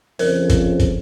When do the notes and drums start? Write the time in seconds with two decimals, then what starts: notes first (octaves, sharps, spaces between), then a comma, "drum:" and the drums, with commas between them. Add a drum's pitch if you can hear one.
0.19 F2 C#3 F3 A#4 C5, drum: open hi-hat
0.50 drum: kick, hi-hat
0.80 drum: kick, hi-hat